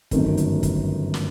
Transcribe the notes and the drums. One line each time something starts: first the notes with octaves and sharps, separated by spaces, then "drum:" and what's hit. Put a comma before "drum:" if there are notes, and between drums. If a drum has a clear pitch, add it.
G1 F#2 D#3 A3, drum: kick, hi-hat
drum: hi-hat
drum: kick, hi-hat
drum: snare